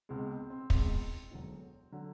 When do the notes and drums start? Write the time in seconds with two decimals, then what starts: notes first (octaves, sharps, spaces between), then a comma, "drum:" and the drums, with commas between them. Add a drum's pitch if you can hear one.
0.09 C#2 B2 G#3 C4
0.30 C4
0.50 C4
0.70 C#2 B2 G#3 C4, drum: kick
1.31 E1 D2 D3 F#3
1.92 D3 F#3